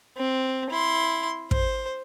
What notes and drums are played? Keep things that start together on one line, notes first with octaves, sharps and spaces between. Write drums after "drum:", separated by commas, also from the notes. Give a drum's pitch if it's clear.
C4
E4 C6
C5, drum: kick